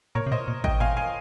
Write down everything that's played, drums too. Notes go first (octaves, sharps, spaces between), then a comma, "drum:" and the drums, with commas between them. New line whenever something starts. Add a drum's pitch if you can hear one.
A#2 A#4 C#5
C3
A#2 C5 D#5
A#2
G#2 D#5 G5, drum: kick G#1
A#2 F5 G#5
F5 G#5